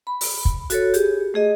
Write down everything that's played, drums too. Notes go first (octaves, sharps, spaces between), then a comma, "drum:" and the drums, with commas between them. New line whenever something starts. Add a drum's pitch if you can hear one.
B5
drum: open hi-hat
drum: kick
F#4 A4 C#5, drum: hi-hat
G4 G#4, drum: hi-hat
A3 G#4 D#5